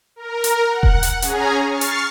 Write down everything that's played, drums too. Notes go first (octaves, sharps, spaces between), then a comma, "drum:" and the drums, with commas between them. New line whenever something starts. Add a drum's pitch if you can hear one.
A#4
drum: hi-hat
F#5
drum: kick E1
drum: hi-hat
C#4 G#4 G#5 A#5, drum: hi-hat
C#6 F6 A6 C7
drum: hi-hat